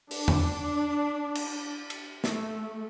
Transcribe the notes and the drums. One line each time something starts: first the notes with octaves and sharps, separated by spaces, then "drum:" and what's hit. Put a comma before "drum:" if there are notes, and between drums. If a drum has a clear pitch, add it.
D4, drum: open hi-hat
drum: tom E2
drum: cymbal
drum: cymbal
A3, drum: snare